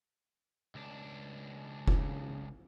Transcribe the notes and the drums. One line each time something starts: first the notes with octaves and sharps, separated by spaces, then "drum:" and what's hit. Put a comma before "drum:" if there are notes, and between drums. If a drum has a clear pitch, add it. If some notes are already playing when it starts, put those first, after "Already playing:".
C#2 D4
C#3, drum: kick F1